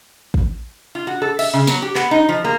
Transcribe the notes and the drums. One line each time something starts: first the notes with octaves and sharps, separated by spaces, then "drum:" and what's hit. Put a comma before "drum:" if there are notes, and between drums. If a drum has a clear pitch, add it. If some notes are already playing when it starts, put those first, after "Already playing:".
drum: kick
F4
F#4
A4
E5, drum: cymbal
C#3
F#3, drum: snare
G4
B3, drum: clap
D#4
F3
A#3